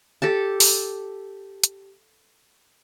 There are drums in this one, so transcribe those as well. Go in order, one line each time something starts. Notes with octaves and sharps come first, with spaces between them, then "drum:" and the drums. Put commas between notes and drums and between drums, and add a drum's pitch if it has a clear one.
G4 A4 A5
drum: open hi-hat
drum: hi-hat